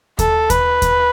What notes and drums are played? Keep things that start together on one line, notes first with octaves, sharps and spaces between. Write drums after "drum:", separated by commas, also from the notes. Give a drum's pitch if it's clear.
A4, drum: kick D#2, hi-hat
B4, drum: kick D#2, hi-hat
drum: kick D#2, hi-hat